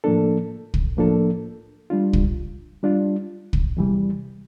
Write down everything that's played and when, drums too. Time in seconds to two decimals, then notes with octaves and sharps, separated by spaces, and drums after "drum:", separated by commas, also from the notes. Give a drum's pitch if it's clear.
0.04 A2 F3 A#3 D4 A4
0.74 drum: kick
0.97 A2 F3 A#3 D4 A4
1.90 G3 D4 F4
2.13 drum: kick
2.83 G3 D4 F4
3.53 drum: kick
3.77 E2 C3 E3 G3